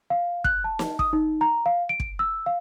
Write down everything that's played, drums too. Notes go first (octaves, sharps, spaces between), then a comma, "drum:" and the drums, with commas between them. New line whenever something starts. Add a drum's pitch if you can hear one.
F5
F#6, drum: kick
A5
drum: snare
D#6, drum: kick
D#4
A#5
F5
D7
drum: kick
E6
F5